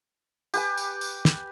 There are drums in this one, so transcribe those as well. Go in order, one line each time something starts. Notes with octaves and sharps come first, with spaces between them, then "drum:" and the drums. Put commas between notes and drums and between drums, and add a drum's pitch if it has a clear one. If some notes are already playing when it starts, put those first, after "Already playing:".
G4 B4 G#5, drum: tambourine
drum: tambourine
drum: tambourine
drum: snare